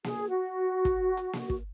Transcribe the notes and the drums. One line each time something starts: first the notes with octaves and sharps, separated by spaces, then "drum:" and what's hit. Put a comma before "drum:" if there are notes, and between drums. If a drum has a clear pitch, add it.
G#4, drum: snare A#3
F#4
drum: kick, hi-hat
drum: hi-hat
drum: snare A#3
drum: kick